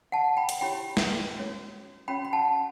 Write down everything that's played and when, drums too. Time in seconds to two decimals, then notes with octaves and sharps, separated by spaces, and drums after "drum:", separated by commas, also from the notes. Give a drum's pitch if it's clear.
0.12 F#5 A5
0.37 G5 B5
0.49 drum: hi-hat
0.61 E4 G4 C#5 G5 B5
0.97 drum: snare
1.35 C#4 F#4 C#5
2.08 C#4 F#4 C#5 G5 B5
2.25 B5
2.33 F#5 A5